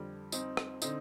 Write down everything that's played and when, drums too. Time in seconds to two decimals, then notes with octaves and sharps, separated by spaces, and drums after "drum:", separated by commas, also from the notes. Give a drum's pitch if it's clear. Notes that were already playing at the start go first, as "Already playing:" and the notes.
Already playing: F2 D3 G3
0.32 C4 D#4, drum: tambourine
0.57 drum: rim click
0.82 D3 C4 D#4, drum: tambourine